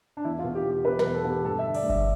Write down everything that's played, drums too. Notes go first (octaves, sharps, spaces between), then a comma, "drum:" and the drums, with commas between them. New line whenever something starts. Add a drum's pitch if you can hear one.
D4
E2 E4
F4
B2
G4
E2
G4
B2 B4
B4, drum: snare
E2
A4
B2
G4
G2 A4
E5
D3
D5, drum: cymbal
G2
E5, drum: kick G1